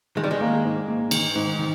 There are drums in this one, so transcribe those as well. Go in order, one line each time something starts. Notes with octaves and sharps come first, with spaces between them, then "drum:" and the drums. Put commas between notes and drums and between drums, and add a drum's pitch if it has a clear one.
D#3 G#3
G3
G#3
A#3
G#2
A#3
D#3, drum: cymbal
G#2
D#3